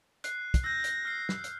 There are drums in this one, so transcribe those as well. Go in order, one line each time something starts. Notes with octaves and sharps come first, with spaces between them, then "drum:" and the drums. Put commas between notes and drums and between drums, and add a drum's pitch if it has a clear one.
F#6 C7, drum: hi-hat
drum: kick, hi-hat
E6 G6 A#6
drum: hi-hat
F6 C7
drum: snare
drum: hi-hat